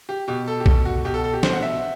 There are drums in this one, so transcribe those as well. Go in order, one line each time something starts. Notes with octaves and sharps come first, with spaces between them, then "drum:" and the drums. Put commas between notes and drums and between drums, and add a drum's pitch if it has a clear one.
G4
B2 G4
A4
G4
B2 A4, drum: kick B1
F#4
B2 G4
A4
A4
G4
B2 C5, drum: snare
F#5
E5